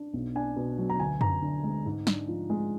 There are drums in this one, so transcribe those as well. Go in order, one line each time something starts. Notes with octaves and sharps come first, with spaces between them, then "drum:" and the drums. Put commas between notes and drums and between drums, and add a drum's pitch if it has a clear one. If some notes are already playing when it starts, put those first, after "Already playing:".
Already playing: D4
B1
D4 G#5
B2
F#3
A#5
D2 G#5
D2 A#5, drum: tom F#2
D3
G#3
G#2
D4, drum: snare
F3
G#3